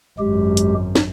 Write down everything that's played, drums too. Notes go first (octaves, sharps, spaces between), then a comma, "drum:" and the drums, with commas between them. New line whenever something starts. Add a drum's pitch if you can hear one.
G#1 F#2 G#3 G4
drum: hi-hat
drum: snare